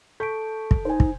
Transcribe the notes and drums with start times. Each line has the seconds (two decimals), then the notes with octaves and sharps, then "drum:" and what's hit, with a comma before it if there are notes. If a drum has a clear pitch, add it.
0.20 A4 A5 C#6 G6 B6 D7
0.71 drum: kick
0.85 D#4 C5 G#5
1.00 drum: kick